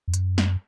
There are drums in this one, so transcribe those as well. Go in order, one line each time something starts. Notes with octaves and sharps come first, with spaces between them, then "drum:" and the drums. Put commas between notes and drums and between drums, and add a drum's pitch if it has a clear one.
F2
F#2, drum: hi-hat
drum: snare